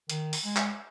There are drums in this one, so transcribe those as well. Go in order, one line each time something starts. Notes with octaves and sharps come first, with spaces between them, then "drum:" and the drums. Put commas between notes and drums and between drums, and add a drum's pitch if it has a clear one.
D#3, drum: hi-hat
drum: open hi-hat
G#3
drum: clap